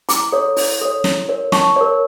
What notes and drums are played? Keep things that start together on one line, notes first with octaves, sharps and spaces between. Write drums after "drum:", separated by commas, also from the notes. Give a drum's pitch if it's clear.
E4 A#5 D6, drum: hi-hat
A4 C#5
E4, drum: open hi-hat
A4 C#5
E4, drum: snare
A#4 C#5
E4 A5 C#6, drum: snare
A#4 C#5